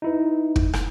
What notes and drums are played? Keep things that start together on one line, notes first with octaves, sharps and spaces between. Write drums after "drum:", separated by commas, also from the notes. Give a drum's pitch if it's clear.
D#4 E4 B4
drum: kick
drum: rim click